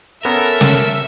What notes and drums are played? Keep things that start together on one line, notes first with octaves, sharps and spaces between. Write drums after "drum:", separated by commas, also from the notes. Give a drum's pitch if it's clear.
B3 C#4 A4 A#4 E5
drum: snare